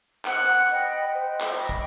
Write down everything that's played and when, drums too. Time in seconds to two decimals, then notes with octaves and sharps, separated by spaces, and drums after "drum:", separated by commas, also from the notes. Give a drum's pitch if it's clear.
0.25 C5 F#5, drum: clap
0.69 D#5 G5 B5
1.12 C5
1.41 drum: clap
1.55 D#5 G5 B5
1.69 drum: kick